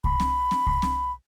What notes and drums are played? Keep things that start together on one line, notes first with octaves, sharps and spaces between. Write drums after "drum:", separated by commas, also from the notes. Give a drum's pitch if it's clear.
B5, drum: kick C2
drum: snare C4
drum: snare C4
drum: kick C2
drum: snare C4